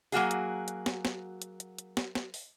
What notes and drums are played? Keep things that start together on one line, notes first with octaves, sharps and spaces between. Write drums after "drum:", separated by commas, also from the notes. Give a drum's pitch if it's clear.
F#3 A#3 F#4 G#4, drum: open hi-hat
drum: hi-hat
drum: hi-hat
drum: snare
drum: snare
drum: hi-hat
drum: hi-hat
drum: hi-hat
drum: snare
drum: snare
drum: open hi-hat